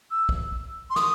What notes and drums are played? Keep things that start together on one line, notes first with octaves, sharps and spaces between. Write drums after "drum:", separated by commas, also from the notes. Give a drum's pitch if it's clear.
E6
drum: kick
C6
D#6, drum: snare